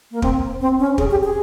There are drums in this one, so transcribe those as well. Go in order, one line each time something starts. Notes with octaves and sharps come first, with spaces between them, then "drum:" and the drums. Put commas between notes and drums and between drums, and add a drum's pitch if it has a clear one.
A#3
C4, drum: kick
C4
C#4
G#4, drum: kick
G4
G#4